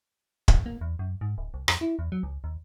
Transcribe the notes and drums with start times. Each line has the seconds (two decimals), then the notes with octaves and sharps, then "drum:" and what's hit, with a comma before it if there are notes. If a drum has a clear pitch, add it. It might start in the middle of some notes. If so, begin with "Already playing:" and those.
0.48 drum: kick
0.66 A#3
0.81 E2
0.99 F#2
1.21 G#2
1.38 D1
1.54 C2
1.68 F2, drum: rim click
1.81 E4
1.99 E2
2.12 F#3
2.23 C#2
2.44 D#2